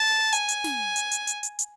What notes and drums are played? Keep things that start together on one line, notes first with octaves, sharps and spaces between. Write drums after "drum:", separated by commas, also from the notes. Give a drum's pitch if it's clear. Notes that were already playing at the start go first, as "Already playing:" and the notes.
Already playing: A5
G#5, drum: hi-hat
drum: hi-hat
drum: snare
drum: hi-hat
drum: hi-hat
drum: hi-hat
drum: hi-hat
drum: hi-hat